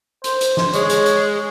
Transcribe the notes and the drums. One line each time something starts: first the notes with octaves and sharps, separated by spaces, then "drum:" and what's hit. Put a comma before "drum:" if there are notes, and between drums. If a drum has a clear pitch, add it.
C5, drum: hi-hat
drum: hi-hat
drum: snare
G#3 C#5, drum: hi-hat
drum: hi-hat
drum: hi-hat